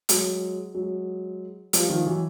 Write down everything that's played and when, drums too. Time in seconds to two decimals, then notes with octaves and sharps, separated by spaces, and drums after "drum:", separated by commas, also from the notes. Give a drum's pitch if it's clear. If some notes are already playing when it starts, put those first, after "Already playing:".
0.09 F#3 G#3, drum: hi-hat
0.75 F#3 G#3
1.73 F3 G3, drum: hi-hat
1.90 D#3 F3
2.07 E3 F#3